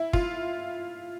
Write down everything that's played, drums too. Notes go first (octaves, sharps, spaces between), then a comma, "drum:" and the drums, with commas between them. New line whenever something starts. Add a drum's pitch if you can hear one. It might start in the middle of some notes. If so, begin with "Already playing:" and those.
Already playing: E4
F4, drum: kick